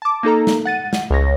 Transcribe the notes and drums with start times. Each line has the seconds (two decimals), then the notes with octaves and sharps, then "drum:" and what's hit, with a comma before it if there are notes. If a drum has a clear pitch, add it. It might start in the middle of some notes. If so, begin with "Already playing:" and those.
0.02 A5 D6
0.23 A#3 D#4 A4 A#5
0.47 drum: snare
0.65 F#5 A6 D#7
0.93 drum: snare
1.10 C#2 C#5 A#6